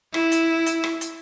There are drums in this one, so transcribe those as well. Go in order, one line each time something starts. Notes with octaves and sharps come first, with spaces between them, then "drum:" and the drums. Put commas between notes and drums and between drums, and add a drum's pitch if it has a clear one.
E4, drum: rim click
drum: hi-hat
drum: hi-hat
drum: rim click
drum: hi-hat